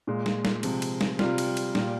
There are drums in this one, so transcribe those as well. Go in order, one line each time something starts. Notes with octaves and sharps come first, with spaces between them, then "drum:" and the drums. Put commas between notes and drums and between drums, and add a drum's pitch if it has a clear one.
A#2 G#3
drum: snare
drum: snare
C3 F3 G#3, drum: cymbal
drum: cymbal
drum: snare
C3 G3 F4, drum: snare
drum: cymbal
drum: cymbal
A#2 G3, drum: snare